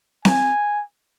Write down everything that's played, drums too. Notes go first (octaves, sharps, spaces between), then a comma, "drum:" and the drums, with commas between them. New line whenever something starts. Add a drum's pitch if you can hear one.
G#5, drum: snare C4